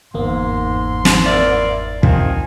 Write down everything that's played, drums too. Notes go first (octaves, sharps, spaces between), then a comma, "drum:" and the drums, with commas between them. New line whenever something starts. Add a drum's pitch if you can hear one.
G1 E2 G#2 A#3 C6
drum: snare
E4 A#4 D5
C3 D#3 F3 C4 G#5, drum: kick